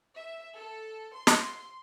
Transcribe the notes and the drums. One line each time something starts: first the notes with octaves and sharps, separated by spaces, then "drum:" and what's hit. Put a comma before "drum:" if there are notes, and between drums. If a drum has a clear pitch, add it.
E5
A4
C6
drum: snare